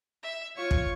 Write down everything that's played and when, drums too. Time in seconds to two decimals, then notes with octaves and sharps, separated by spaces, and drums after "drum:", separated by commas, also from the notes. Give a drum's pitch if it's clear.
0.23 E5
0.56 F4 C#5 C#6
0.71 drum: kick